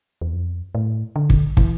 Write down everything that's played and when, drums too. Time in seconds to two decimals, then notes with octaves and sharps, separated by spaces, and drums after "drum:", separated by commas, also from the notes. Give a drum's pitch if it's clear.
0.21 E2
0.33 F2
0.75 A2
1.16 D3
1.30 drum: kick
1.57 E3, drum: kick